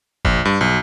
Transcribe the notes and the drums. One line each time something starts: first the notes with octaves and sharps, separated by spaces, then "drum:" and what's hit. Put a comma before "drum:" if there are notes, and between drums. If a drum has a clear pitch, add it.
A#1, drum: kick
G2
B1